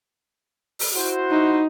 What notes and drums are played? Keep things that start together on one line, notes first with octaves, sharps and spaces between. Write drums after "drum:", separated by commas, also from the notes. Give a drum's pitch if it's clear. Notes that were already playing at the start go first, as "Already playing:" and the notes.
drum: open hi-hat
E4 F#4 C5
D#4